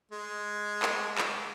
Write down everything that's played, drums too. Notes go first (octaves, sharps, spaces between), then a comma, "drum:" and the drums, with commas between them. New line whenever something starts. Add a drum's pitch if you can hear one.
G#3
drum: clap
drum: clap